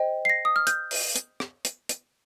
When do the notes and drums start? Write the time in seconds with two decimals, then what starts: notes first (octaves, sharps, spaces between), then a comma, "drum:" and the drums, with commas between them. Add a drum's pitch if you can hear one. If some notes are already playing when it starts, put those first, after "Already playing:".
Already playing: C5 D#5 G5
0.25 C7
0.30 A#6
0.45 D#6
0.56 F6
0.67 G6, drum: hi-hat
0.91 drum: open hi-hat
1.16 drum: hi-hat
1.40 drum: rim click
1.65 drum: hi-hat
1.89 drum: hi-hat